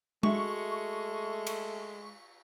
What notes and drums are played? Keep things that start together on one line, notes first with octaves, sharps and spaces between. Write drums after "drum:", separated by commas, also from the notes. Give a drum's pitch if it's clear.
G#3 A3 F#4 E5 C#6, drum: tom G#3
drum: cymbal